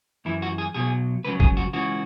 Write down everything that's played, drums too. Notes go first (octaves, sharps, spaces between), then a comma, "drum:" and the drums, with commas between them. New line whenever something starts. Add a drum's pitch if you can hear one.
F#2 E3 E4
F#4
G#4
B1 B2 F#3 G#4
C#2 C#3 F#3 B4
G#4, drum: kick G1
F#4
C#2 C#3 E3 F#4